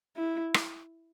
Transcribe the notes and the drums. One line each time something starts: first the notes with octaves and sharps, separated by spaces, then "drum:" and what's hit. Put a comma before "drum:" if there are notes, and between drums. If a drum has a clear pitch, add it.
E4
drum: rim click